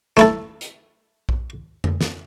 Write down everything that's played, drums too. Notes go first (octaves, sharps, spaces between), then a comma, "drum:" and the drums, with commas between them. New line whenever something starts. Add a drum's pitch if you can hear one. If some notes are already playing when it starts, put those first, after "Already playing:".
A3 E4 A4, drum: snare
drum: hi-hat
drum: kick A#1
drum: tom F2
drum: snare